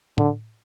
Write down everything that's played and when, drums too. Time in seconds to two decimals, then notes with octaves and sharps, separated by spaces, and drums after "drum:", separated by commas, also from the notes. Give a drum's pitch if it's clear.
0.18 D3, drum: tom A2